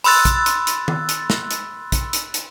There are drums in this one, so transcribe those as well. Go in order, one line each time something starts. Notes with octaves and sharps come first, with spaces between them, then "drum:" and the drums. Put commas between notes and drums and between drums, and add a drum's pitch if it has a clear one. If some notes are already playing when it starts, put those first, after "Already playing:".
B5 C6 E6 F#6 A6, drum: open hi-hat
drum: kick, hi-hat
drum: hi-hat
drum: hi-hat
drum: tom D#3
drum: hi-hat
drum: snare
drum: hi-hat
drum: kick, hi-hat
drum: hi-hat
drum: hi-hat